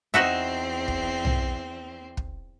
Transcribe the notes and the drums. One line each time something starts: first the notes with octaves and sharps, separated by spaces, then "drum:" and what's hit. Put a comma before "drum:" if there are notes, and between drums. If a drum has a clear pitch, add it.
E2 C4 D#4 F#4 E5
drum: kick
drum: tom
drum: kick